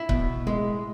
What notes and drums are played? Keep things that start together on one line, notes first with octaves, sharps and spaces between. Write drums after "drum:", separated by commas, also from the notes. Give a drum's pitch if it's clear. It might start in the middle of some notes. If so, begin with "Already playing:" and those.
Already playing: E4
B2, drum: kick C#1
G#3